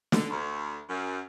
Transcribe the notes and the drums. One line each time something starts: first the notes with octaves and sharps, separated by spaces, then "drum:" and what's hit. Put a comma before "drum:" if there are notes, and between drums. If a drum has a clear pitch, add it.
D3, drum: snare
D2
F#2